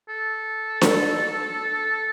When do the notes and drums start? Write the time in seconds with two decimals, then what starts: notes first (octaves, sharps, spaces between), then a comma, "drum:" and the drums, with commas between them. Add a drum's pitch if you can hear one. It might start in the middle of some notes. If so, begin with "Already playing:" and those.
0.09 A4
0.81 drum: snare D4